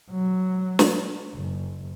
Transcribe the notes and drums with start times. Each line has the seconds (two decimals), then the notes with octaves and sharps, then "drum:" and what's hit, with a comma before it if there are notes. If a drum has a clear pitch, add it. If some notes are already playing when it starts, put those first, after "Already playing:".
0.11 F#3
0.79 drum: snare
1.35 F#1